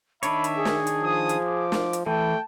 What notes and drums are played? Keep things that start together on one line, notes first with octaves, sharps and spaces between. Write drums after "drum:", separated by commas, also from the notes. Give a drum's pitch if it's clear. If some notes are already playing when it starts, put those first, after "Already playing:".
D#3 D4 C#5 E5 B5, drum: hi-hat
drum: hi-hat
G#4
drum: snare
drum: hi-hat
F3 D#6
drum: hi-hat
D6
drum: snare
drum: hi-hat
E3 A3 G5 A5